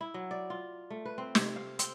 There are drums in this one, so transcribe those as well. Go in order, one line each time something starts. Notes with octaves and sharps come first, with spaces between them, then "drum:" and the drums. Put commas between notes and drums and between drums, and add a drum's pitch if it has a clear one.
E4
F#3
D5
F4
A3
B4
C4
C3, drum: snare
F5
C4, drum: hi-hat